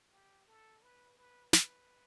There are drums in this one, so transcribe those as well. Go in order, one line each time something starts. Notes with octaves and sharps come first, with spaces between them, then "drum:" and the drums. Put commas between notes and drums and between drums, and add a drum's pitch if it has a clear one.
G4
A4
B4
B4
B4, drum: snare